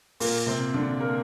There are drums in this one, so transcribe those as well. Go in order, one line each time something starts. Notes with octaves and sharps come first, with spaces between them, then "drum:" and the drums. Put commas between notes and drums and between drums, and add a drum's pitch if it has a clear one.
A#2 A#3, drum: open hi-hat
C3 C4
D3 D4
A#3 A#4